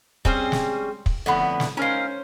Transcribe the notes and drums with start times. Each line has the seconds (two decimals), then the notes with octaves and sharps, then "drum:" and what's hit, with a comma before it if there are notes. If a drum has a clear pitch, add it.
0.25 G3 C4 C#4 G#4 C5, drum: kick
0.52 drum: snare
1.06 drum: kick
1.26 F2 A2 D3 B3 B5
1.60 drum: snare
1.77 C#4 D#4 A#4 C5 F5